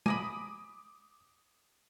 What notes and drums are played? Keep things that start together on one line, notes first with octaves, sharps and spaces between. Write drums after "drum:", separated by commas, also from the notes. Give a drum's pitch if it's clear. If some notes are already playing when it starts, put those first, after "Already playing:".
G#5 A#5 B5 D6 D#6 D7, drum: tom